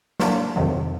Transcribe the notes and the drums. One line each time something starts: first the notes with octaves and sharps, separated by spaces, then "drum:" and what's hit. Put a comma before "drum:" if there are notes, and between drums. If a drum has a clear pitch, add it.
F#3 A#3 D4, drum: snare
F2 C3 D#3 F#3